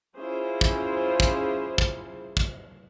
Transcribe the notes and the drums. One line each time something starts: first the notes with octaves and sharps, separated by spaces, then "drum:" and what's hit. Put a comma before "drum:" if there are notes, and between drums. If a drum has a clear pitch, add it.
C#4 E4 F4 G#4 C5
drum: kick
drum: kick
drum: kick
drum: kick